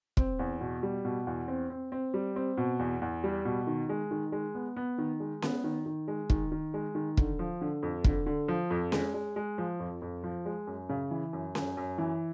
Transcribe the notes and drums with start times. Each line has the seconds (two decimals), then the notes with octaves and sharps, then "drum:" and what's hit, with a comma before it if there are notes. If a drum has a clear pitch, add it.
0.17 C4, drum: kick
0.39 E2
0.61 B2
0.83 G3
1.05 B2
1.27 E2
1.48 C4
1.70 C4
1.92 C4
2.14 G3
2.36 C4
2.57 B2
2.79 E2
3.01 E2
3.24 G3
3.45 B2
3.67 D#3
3.89 G#3
4.11 D#3
4.32 G#3
4.55 B3
4.76 B3
4.98 D#3
5.20 G#3
5.42 B3, drum: snare C#4
5.64 D#3
5.86 D#3
6.08 G#3
6.30 D#3, drum: kick
6.52 D#3
6.74 G#3
6.95 D#3
7.17 D3, drum: kick
7.39 F3
7.61 D3
7.83 F2
8.04 D3, drum: kick
8.26 D3
8.48 F3
8.70 F2
8.92 G#3, drum: snare C#4
9.14 G#3
9.36 G#3
9.58 F3
9.80 F2
10.02 F2
10.24 F3
10.46 G#3
10.67 F#2
10.89 C#3
11.11 E3
11.33 F#2
11.55 F#2, drum: snare C#4
11.77 F#2
11.98 E3